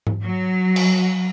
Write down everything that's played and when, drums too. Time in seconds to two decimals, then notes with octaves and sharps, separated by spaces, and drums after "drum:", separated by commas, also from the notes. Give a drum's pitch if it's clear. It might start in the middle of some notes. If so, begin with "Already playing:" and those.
0.07 drum: tom G#2
0.24 F#3
0.76 drum: cymbal